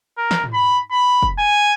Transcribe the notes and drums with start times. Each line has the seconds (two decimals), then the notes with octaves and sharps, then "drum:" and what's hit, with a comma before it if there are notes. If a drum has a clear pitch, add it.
0.18 A#4
0.31 drum: snare
0.44 drum: tom G#2
0.54 B5
0.92 B5
1.22 drum: kick
1.39 G#5